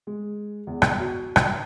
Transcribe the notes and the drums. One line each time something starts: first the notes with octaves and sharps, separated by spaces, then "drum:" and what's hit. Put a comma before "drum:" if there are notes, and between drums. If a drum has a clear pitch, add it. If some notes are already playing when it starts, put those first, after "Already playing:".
G#3
E2
drum: rim click
F#4
drum: rim click